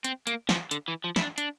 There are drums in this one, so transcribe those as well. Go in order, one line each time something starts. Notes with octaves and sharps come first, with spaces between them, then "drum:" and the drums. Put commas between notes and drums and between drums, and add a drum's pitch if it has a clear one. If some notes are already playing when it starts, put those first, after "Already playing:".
C4, drum: hi-hat
A#3, drum: hi-hat
F3, drum: snare
D3, drum: hi-hat
E3
F3
E4, drum: snare
D4
D4, drum: hi-hat